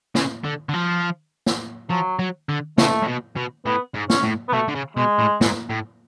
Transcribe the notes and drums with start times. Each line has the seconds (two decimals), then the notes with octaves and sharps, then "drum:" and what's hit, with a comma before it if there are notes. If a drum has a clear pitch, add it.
0.15 C#3, drum: snare
0.44 D3
0.69 D3
0.74 F3
1.46 drum: snare
1.90 F3 F#3
2.19 F#3
2.49 D3
2.78 C#3 A3, drum: snare
3.02 A2
3.07 B2
3.36 B2
3.66 A2 B3
3.95 G#2
4.10 C#4, drum: snare
4.24 A2
4.48 B3
4.53 B2 A3
4.69 D3
4.75 C#3
4.97 B2 G#3
5.19 A2
5.41 G#2, drum: snare
5.70 A2